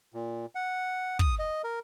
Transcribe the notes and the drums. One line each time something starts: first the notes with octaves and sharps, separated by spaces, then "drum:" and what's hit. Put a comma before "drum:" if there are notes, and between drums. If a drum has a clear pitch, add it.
A#2
F#5
D#6, drum: kick
D#5
A#4